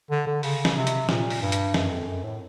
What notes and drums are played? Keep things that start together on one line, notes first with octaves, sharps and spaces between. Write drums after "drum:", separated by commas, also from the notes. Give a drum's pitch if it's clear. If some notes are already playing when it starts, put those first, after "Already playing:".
D3
D3
C#3, drum: open hi-hat
drum: snare
C3
drum: hi-hat
A#2, drum: snare
drum: open hi-hat
G2
drum: hi-hat
F#2, drum: snare
F2
F#2
A2